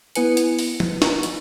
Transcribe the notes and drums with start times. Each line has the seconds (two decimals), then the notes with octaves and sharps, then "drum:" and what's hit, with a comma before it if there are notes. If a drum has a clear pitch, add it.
0.15 B3 E4 B4 G#5 C#7, drum: hi-hat
0.37 drum: hi-hat
0.59 drum: open hi-hat
0.80 drum: tom
1.02 drum: snare
1.23 drum: hi-hat